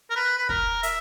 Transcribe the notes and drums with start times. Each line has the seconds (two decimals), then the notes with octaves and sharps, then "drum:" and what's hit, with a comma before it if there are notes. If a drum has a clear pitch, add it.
0.10 A#4
0.16 B4
0.38 B4
0.49 A#4, drum: kick
0.83 E5, drum: hi-hat